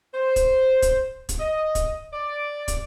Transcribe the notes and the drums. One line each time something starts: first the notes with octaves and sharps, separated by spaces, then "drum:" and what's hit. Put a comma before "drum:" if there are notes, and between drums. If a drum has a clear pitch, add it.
C5
drum: kick, hi-hat
drum: kick, hi-hat
drum: kick, hi-hat
D#5
drum: kick, hi-hat
D5
drum: kick, hi-hat